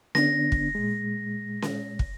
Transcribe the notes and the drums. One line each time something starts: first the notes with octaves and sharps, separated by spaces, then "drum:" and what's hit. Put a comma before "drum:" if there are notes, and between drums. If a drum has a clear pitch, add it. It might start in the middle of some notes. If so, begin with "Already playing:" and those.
D3 B3 D4 A#6, drum: snare C#4
drum: kick
A#2 G#3
drum: snare C#4
drum: kick